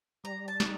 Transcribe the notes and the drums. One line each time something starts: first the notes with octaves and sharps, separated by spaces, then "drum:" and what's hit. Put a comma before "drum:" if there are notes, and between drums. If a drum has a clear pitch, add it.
G3 A#5
A5
D#4, drum: snare